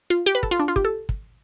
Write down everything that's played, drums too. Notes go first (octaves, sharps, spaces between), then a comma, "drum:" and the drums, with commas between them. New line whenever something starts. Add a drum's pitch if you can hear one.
F4
G4
B4
A4, drum: kick
F4
D4
F4
G4, drum: kick
A4
drum: kick